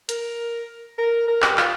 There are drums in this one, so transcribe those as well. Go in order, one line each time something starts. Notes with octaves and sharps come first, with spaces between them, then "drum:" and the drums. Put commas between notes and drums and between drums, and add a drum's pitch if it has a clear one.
A#4, drum: hi-hat
A#4
A#4
G4, drum: clap
F4, drum: clap